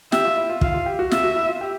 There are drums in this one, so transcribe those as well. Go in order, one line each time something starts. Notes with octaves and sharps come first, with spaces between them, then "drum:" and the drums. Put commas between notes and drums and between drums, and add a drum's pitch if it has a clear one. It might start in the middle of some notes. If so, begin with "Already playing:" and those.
G4 E5, drum: snare
F4
E4
F4
F4 F5, drum: kick
F4
G4
F#4
F4 E5, drum: snare
F#4
E4
F4
G4